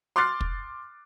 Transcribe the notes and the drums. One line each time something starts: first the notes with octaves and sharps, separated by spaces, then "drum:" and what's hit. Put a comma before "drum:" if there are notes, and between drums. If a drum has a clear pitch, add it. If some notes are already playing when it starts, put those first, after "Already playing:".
C6 D6 F6 F#6 A6 C7
drum: kick